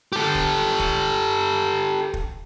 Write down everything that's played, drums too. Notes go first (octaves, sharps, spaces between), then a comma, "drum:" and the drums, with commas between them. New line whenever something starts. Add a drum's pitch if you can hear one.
G4 A4
drum: kick
drum: kick
drum: kick